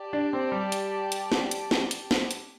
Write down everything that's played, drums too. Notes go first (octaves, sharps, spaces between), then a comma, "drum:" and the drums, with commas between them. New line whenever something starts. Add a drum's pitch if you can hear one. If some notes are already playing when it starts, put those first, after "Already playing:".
Already playing: G4 D5 A5
D4
C4
G3
drum: hi-hat
drum: hi-hat
drum: snare
drum: hi-hat
drum: snare
drum: hi-hat
drum: snare
drum: hi-hat